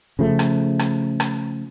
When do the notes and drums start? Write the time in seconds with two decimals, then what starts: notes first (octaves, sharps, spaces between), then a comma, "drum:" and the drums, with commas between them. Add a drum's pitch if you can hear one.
0.19 C#3 F3 A3
0.39 drum: rim click
0.79 drum: rim click
1.20 drum: rim click